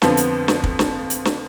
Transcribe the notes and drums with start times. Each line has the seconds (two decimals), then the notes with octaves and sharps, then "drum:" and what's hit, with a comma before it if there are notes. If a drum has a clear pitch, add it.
0.02 F2 D3 F3 B3, drum: snare
0.17 drum: hi-hat
0.48 drum: snare
0.64 drum: kick
0.79 drum: snare
1.10 drum: hi-hat
1.25 drum: snare